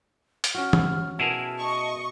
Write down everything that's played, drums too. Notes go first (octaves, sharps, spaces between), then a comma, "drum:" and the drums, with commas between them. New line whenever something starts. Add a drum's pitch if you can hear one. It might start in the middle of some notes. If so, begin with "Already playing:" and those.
drum: hi-hat
C#4 F#4 F6
drum: tom
B2 E4 G#4 A#4 A5
D#5 C#6